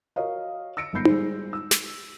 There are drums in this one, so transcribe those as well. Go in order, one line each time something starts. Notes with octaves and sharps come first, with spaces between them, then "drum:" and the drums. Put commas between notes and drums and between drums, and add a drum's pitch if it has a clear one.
F#4 A#4 C#5 D#5 F5
E6 A#6 C#7 D7
G1 G#2 B3 B5 G6 C7
G3 G#3 C5, drum: tom D#4
E6
drum: snare